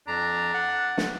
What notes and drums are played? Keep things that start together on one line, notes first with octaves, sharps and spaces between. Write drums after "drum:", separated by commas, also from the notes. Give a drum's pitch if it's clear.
F2 D4 A#5
F#5
drum: snare